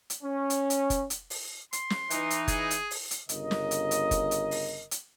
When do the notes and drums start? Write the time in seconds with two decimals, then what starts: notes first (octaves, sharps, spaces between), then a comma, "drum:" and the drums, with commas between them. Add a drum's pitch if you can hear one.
0.10 drum: hi-hat
0.22 C#4
0.50 drum: hi-hat
0.70 drum: hi-hat
0.90 drum: kick F#1, hi-hat
1.10 drum: hi-hat
1.30 drum: open hi-hat
1.73 C6, drum: hi-hat
1.90 drum: snare
2.10 E3 D#4, drum: hi-hat
2.30 drum: hi-hat
2.48 G#4, drum: kick F#1, hi-hat
2.71 drum: hi-hat
2.91 drum: open hi-hat
3.11 drum: hi-hat
3.29 G1 C#3 A#4 D#5, drum: hi-hat
3.51 drum: snare
3.71 drum: hi-hat
3.91 drum: hi-hat
4.11 drum: kick F#1, hi-hat
4.31 drum: hi-hat
4.51 drum: open hi-hat
4.91 drum: hi-hat